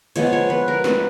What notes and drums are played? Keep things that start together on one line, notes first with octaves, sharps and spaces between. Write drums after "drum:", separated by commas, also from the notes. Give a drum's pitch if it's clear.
F3 G#3 B3 C#5, drum: cymbal
C#5
B4
A#4
B4, drum: snare